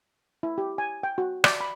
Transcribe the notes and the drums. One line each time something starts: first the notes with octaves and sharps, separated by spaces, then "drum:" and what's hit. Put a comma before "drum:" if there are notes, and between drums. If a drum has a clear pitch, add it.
E4
G4
G#5
G5
F#4
D5, drum: rim click
B5